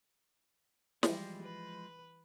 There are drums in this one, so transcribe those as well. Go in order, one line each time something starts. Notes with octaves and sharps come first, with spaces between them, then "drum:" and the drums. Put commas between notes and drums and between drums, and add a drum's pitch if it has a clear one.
E3 F3 G3 G#3, drum: snare
B4